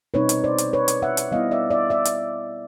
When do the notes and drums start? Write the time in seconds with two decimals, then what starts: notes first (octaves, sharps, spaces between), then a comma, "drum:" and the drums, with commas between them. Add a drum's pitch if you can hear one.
0.14 B2 G3 C4 D#4 B4 C#5
0.29 drum: hi-hat
0.44 C5 D5
0.58 drum: hi-hat
0.73 B4 C#5
0.88 drum: hi-hat
1.02 E5 F#5
1.17 drum: hi-hat
1.31 G3 B3 E4 D#5 F5
1.51 D5 E5
1.70 D5 E5
1.90 D5 E5
2.05 drum: hi-hat